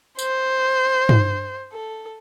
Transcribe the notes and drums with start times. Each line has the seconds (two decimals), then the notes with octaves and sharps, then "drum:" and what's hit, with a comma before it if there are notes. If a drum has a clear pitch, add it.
0.19 C5, drum: tambourine
1.09 drum: tom
1.73 A4